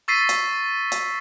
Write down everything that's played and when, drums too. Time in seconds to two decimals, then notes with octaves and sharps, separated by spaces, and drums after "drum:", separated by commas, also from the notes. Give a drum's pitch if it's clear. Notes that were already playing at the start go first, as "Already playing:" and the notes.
0.08 C#6 E6 A6 B6 C7 D#7
0.29 drum: hi-hat
0.92 drum: hi-hat